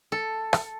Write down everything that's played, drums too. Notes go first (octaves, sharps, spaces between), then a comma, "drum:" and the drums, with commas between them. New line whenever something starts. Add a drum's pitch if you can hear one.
A4
drum: rim click